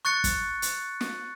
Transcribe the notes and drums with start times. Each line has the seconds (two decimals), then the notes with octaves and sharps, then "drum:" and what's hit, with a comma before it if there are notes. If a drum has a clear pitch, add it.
0.05 C#6 F#6 A6 C#7
0.24 drum: kick, hi-hat
0.62 drum: hi-hat
1.01 drum: snare